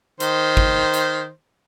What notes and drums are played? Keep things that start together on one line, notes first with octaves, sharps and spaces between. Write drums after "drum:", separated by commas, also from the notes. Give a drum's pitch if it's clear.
D#3 C5, drum: hi-hat
drum: kick
drum: hi-hat